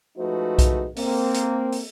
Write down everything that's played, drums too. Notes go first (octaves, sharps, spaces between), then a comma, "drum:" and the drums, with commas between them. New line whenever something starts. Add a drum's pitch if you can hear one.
F3 G#3 A3 D#4 F#4 B4
drum: kick B1, hi-hat
A#3 C4, drum: open hi-hat
drum: hi-hat
drum: open hi-hat